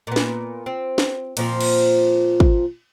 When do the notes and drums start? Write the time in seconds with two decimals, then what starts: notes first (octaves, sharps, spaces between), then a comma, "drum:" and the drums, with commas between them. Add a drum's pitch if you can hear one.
0.07 A#2 B3
0.16 drum: snare
0.66 C4
0.98 drum: snare
1.37 A#2 F3 C4, drum: cymbal
1.61 drum: cymbal
2.40 drum: kick